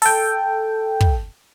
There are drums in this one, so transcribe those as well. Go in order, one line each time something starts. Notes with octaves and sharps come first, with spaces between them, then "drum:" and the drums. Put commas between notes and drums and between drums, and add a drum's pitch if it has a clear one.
A4 G5, drum: open hi-hat
drum: kick